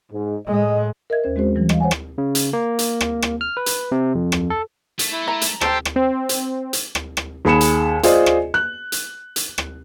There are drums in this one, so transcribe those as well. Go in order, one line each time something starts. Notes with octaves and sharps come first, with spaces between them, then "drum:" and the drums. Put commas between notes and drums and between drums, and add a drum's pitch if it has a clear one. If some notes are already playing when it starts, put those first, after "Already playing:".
G#2
A2 G#3 D#5
A#4 D#5 E5 G#6
D#2 C#4 C5
G#3 C4 F#4 G#4 C5
E3 F#3 G3
D#5 F5, drum: rim click
C5 C#5 F#5 G#5
drum: rim click
C#3
drum: hi-hat
A#3
drum: hi-hat
drum: rim click
drum: rim click
F6
B4
drum: hi-hat
C3
F2
drum: rim click
A4
A3, drum: hi-hat
E4
A#5
drum: hi-hat
G4 A4 C5 G5 A5 C6, drum: rim click
drum: rim click
C4
drum: hi-hat
drum: hi-hat
drum: rim click
drum: rim click
D#2 G#4 B5 C#7 E7
drum: hi-hat
F4 G#4 C5 D5 D#5, drum: hi-hat
drum: rim click
F#6
drum: hi-hat
drum: hi-hat
drum: rim click